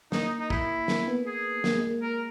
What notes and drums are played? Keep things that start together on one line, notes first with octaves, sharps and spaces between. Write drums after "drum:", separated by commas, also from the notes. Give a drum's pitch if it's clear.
A#3 D#4, drum: snare
D#4
E4, drum: kick
A#3, drum: snare
B3
G#4
A#3, drum: snare
G#3
A#3
A#4